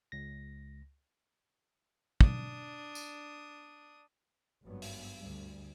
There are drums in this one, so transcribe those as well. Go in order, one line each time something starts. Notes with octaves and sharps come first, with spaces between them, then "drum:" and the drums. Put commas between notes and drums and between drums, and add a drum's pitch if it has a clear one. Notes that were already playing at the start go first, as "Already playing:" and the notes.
C#2 A#6
D4 D#6, drum: kick
drum: tambourine
G#1 G2 F#3 B3
drum: open hi-hat
D2 G3